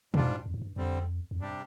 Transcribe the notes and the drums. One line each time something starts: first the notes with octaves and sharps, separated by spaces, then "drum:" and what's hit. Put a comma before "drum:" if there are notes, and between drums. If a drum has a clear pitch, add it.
F2 G#2 G3 D4 F4, drum: tom
F2
G2
F2
G#2
G2
F2 D3 G3 C4
F2
G2 C3 G3 D4 G4